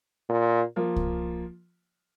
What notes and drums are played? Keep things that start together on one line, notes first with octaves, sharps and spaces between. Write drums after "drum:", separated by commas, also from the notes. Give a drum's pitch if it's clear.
A#2
F3 A#3 F4
drum: kick C2